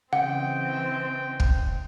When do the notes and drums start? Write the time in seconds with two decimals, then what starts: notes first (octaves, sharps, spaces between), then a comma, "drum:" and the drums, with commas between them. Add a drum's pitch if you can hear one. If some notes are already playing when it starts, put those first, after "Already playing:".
0.13 C#3 E3 C4 C#4 D#5 F#5 G5
1.40 drum: kick